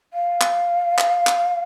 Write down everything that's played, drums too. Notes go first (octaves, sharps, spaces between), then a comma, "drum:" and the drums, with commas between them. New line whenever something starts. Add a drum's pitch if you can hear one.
F5
drum: clap
drum: clap
drum: clap